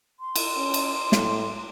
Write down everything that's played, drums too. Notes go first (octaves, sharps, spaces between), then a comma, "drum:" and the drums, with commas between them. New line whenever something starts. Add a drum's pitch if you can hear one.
C6
drum: cymbal
C#4
drum: cymbal
A2, drum: snare